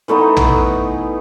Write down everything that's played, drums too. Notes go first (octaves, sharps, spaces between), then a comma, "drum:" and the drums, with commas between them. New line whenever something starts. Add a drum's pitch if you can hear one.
E3 A3 B3 D#4
drum: tom